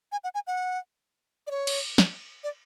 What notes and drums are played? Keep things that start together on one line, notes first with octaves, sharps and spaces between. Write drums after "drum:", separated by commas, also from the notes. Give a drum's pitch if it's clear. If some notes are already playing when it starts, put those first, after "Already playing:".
G#5
F#5
G#5
F#5
D5
C#5
drum: cymbal
drum: snare
D5